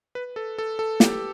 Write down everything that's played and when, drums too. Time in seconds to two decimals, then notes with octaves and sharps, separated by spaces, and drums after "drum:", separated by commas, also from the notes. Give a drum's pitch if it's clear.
0.15 B4
0.36 A4
0.58 A4
0.79 A4
1.00 G4, drum: snare